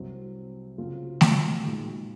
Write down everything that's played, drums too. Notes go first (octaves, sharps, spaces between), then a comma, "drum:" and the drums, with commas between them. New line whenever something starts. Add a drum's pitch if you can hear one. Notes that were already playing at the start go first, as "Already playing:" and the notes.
Already playing: C2 C3 F#3 C4
C#3 F#3 C4 F4
drum: snare A3
A#2 G#3 D#4 F#4